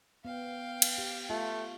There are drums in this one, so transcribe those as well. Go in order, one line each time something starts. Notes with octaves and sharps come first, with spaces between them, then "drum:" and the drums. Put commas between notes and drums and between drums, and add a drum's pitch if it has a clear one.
B3 F5 G5
drum: cymbal
G4
A3 F4